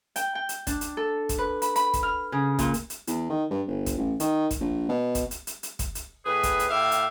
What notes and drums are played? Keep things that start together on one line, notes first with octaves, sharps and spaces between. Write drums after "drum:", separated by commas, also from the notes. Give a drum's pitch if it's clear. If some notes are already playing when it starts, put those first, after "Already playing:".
G5, drum: hi-hat
G5
drum: hi-hat
D4, drum: kick, hi-hat
drum: hi-hat
A4
drum: kick, hi-hat
B4
B5, drum: hi-hat
B5, drum: hi-hat
drum: kick, hi-hat
F6
C#3
A#2, drum: kick, hi-hat
drum: hi-hat
drum: hi-hat
E2, drum: hi-hat
D#3
G2
G1
drum: kick, hi-hat
A1
D#3, drum: hi-hat
drum: kick, hi-hat
A#1
B2
drum: kick, hi-hat
drum: hi-hat
drum: hi-hat
drum: hi-hat
drum: kick, hi-hat
drum: hi-hat
A2 G#4 B4
drum: kick, hi-hat
drum: hi-hat
A2 G4 E5 F5
drum: hi-hat